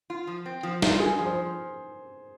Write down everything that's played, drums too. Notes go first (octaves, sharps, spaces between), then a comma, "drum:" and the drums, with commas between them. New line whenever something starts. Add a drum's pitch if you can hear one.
F4
F3
C4
F3
F4, drum: snare
G2 G#4
F3
C5